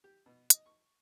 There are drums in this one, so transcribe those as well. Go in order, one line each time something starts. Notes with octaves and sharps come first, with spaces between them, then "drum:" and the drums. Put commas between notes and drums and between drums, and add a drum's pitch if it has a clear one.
G4
B2
D#5, drum: hi-hat
C#6